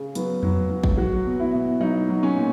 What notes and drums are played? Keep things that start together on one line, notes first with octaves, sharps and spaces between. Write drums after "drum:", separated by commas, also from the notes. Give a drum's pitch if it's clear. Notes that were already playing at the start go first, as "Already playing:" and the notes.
Already playing: C#3
F#3 B3, drum: hi-hat
F#3, drum: tom F2
F#3
drum: kick
F#3 F#4
B2
E4
B2
F#3 D#4
F#3
C#4
A#2